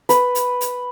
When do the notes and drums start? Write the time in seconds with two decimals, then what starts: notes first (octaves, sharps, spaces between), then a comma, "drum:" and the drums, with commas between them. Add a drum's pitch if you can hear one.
0.09 B4, drum: hi-hat
0.35 drum: hi-hat
0.61 drum: hi-hat